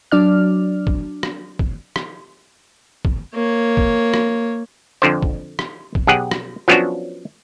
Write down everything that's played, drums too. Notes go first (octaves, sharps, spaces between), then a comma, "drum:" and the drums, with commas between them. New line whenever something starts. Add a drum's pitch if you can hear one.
F#3 D4 D5 F6
drum: kick
drum: rim click
drum: kick
drum: rim click
drum: kick
A#3 C#5
drum: kick
drum: rim click
F2 D3 C5
drum: kick
drum: rim click
drum: kick
B1 G4 G#4 F#5
drum: rim click
F3 F#3 B3 C#4 D4 F#4